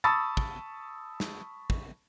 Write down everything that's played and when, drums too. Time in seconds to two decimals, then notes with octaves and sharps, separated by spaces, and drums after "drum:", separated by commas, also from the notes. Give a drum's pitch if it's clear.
0.04 A5 B5 C#6 D#6 E6 A6
0.37 drum: kick
1.20 drum: snare
1.70 drum: kick